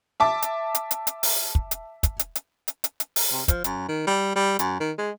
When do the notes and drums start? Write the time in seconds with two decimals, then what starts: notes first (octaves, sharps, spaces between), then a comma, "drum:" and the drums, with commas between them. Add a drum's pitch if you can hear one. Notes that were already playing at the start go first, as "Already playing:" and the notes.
0.20 E5 A5 D6
0.42 drum: hi-hat
0.75 drum: hi-hat
0.91 drum: hi-hat
1.07 drum: hi-hat
1.23 drum: open hi-hat
1.55 drum: kick
1.71 drum: hi-hat
2.03 drum: kick, hi-hat
2.19 drum: hi-hat
2.35 drum: hi-hat
2.68 drum: hi-hat
2.84 drum: hi-hat
3.00 drum: hi-hat
3.16 drum: open hi-hat
3.32 C3
3.48 F3, drum: kick, hi-hat
3.64 F#2, drum: hi-hat
3.88 D#3
4.07 G3
4.35 G3
4.59 F#2, drum: hi-hat
4.80 D#3
4.98 G#3